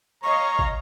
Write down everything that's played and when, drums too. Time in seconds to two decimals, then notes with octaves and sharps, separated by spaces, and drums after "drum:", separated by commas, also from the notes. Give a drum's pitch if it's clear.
0.23 C#5 D#5 F5 A#5 C#6
0.59 drum: kick